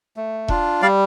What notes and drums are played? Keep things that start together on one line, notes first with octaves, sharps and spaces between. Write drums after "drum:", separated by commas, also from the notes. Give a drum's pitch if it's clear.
A3
D4 F4, drum: kick E1
G3 D5 F5